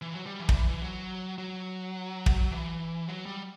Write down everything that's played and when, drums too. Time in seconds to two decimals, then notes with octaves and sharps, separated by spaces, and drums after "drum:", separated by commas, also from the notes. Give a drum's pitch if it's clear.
0.02 E3
0.14 F#3
0.26 G3
0.40 E3
0.49 D3, drum: kick
0.54 E3
0.68 E3
0.82 F#3
1.38 F#3
2.26 drum: kick
2.51 E3
3.08 F#3
3.26 G3